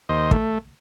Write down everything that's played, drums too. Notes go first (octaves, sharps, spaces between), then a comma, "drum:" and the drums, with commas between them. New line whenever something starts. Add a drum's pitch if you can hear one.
D#2 C5 D#5
A3, drum: kick